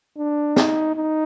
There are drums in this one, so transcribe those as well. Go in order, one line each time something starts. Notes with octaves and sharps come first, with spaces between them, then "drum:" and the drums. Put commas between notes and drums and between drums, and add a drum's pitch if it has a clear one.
D4
D#4, drum: snare
D#4